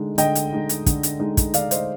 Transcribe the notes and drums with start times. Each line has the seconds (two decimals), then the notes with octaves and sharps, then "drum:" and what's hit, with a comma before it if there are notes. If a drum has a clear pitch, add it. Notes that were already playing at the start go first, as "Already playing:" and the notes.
Already playing: D3 G#3 D#4
0.18 D3 D#5 G5, drum: hi-hat
0.35 drum: hi-hat
0.53 G#3 D#4
0.69 drum: hi-hat
0.86 D3, drum: kick, hi-hat
1.03 drum: hi-hat
1.20 G#3 D#4
1.37 drum: kick, hi-hat
1.54 D3 D5 F5, drum: hi-hat
1.71 C5 D#5, drum: hi-hat